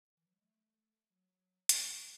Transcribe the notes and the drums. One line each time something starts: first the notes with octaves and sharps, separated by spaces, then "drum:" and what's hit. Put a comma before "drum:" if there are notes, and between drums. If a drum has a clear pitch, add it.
E3
F#3
G#3
A3
F#3
A3, drum: hi-hat
G#3